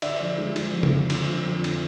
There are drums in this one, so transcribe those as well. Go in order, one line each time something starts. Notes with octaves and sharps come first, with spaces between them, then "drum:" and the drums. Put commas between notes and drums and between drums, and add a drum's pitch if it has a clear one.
D3 D5 E5, drum: cymbal
F3
G#3
G#3, drum: cymbal
F2
drum: tom C#3
D3
D3, drum: cymbal
F3
F2
D3, drum: cymbal